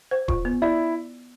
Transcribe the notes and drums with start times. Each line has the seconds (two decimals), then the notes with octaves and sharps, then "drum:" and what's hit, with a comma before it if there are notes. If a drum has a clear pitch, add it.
0.11 C5
0.28 F4, drum: kick D#1
0.45 B3
0.62 E4 D5